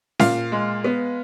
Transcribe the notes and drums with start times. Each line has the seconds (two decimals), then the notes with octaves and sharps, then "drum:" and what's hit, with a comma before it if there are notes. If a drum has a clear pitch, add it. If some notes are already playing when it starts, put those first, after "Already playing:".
0.19 A#2 F5, drum: snare C#4
0.52 G#3
0.84 B3